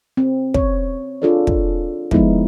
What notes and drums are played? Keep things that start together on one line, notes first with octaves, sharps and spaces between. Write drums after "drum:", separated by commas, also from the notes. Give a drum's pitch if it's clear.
C4
C#5, drum: kick
D4 F4 G#4 A4 C#5 D5
drum: kick
F3 G#3 B3 D#4 E4, drum: kick